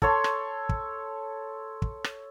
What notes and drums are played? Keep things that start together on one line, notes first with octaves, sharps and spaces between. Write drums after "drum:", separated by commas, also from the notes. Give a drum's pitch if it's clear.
A4 C#5 C6, drum: kick
drum: rim click
drum: kick
drum: kick
drum: rim click